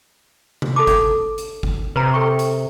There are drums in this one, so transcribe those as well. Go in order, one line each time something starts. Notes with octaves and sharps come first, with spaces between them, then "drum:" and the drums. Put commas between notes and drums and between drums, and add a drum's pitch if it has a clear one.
drum: tom C3
A4 A5 D6
drum: kick G1, hi-hat
drum: hi-hat
drum: kick G1
C3 B4 A#5
A4 G5 C#6
drum: hi-hat